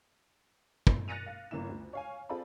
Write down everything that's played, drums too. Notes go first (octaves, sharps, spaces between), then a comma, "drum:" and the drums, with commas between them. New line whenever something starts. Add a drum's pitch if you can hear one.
drum: kick
F#6 A6 A#6 C#7 D#7 F7
F5
G1 C#3 A#3 E4 E7
D2
C#5 F5 G#5
C4 F4 G#4 A4 D5 B5